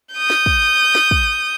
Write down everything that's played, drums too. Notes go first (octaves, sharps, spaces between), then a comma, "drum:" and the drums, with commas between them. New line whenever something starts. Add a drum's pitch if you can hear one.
D#6 G6
drum: snare
drum: kick
drum: snare
drum: kick